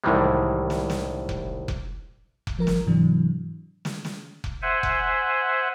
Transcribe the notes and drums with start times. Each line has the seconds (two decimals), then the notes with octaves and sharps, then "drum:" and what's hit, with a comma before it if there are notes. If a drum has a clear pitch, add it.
0.04 C2 A2 D#3 E3 G3 G#3
0.70 drum: snare
0.90 drum: snare
1.29 drum: kick F1
1.68 drum: kick F1
2.47 drum: kick F1
2.57 G#1 F3 A#4 A#5
2.67 drum: snare
2.86 G#2 C3 E3 F#3 D4
3.85 drum: snare
4.05 drum: snare
4.44 drum: kick F1
4.62 C5 E5 F#5 G#5
4.83 drum: kick F1